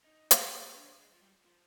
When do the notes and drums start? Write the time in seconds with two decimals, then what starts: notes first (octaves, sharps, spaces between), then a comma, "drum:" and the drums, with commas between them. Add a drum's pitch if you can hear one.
0.04 D#4
0.31 drum: hi-hat
0.75 D4
0.99 G#3
1.13 F3
1.21 G3
1.45 F3